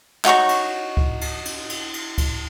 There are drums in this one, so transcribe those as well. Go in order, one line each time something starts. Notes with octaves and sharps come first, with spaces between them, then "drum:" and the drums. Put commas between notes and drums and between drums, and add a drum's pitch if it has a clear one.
D#4 F#4 C#5 C#6, drum: clap
drum: cymbal
drum: kick C#2
drum: cymbal
drum: cymbal
drum: cymbal
drum: cymbal
drum: kick C#2, cymbal